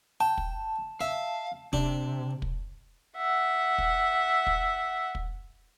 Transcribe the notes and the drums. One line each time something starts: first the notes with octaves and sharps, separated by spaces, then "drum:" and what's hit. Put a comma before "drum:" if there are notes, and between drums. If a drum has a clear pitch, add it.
G5 A5
drum: kick
E5 F5
C3 D4, drum: kick
drum: kick
E5 F#5
drum: kick
drum: kick
drum: kick